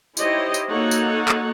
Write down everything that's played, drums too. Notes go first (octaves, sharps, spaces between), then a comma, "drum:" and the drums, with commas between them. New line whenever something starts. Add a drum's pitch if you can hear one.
D#4 E4 G4 C5 C#5 D#5, drum: tambourine
drum: tambourine
A#3 D#4 F#4 A4 C#5 F#5
drum: tambourine
drum: clap